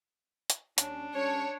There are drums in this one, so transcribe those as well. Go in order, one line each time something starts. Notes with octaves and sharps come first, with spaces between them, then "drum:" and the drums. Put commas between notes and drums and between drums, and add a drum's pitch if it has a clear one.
drum: hi-hat
D#2 C#4 D4, drum: hi-hat
G3 C#4 C#5 A5